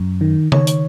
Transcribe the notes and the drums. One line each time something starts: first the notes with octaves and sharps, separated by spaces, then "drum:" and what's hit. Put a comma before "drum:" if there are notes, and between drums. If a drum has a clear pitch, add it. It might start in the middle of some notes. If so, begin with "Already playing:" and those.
Already playing: F#2
D#3
D#3 C#5, drum: tom C#3
drum: hi-hat